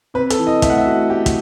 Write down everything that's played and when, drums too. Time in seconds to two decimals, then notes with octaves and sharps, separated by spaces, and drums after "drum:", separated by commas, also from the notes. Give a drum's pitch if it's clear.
0.14 C3 B4
0.30 A4, drum: hi-hat
0.38 E3
0.47 D#5
0.62 A3 E5, drum: kick, hi-hat
0.70 F#5
0.77 E5
0.86 A3 F#4
1.09 A3 G4
1.26 drum: kick, hi-hat